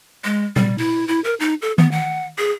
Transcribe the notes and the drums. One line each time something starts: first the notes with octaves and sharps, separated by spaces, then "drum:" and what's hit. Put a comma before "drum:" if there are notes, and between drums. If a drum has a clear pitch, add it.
G#3
G3, drum: tom A#2
E4, drum: open hi-hat
E4
A#4
D#4
A4
B3, drum: tom D#3
F#5
G#4